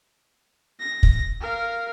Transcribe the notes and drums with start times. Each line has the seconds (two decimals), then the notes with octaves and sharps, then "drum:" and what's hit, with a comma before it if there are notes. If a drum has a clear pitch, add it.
0.80 A#6
1.03 drum: kick
1.41 A#4 F5